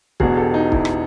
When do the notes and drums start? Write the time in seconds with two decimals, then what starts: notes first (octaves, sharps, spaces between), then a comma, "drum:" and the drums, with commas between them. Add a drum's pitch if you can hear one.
0.20 E1 E2 B2 F#4 G#4, drum: kick
0.37 G4 A4
0.54 D#4
0.72 E4, drum: kick
0.85 drum: rim click